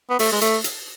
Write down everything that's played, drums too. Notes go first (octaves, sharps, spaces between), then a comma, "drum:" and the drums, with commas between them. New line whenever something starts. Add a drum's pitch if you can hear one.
B3
A3, drum: open hi-hat
G#3
A3, drum: hi-hat
drum: hi-hat